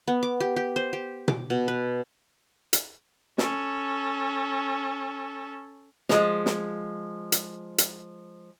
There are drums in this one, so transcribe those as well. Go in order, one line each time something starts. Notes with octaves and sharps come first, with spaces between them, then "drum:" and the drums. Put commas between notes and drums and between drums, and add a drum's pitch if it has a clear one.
B3
D6
G4
G4
C5
G4
D6, drum: tom B2
B2
B4
drum: hi-hat
C#4 A4, drum: snare
F3 G#3, drum: snare
drum: snare
drum: hi-hat
drum: hi-hat